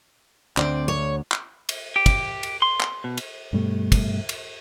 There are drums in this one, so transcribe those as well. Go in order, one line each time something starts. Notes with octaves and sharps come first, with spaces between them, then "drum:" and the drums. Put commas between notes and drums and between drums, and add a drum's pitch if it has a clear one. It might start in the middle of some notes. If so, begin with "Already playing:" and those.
D2 D3 C4 D5, drum: clap
C#5
drum: clap
drum: cymbal
G4
drum: kick, cymbal
drum: cymbal
C6
drum: clap
B2
drum: cymbal
G2 B2 G3 A3
drum: kick, cymbal
drum: cymbal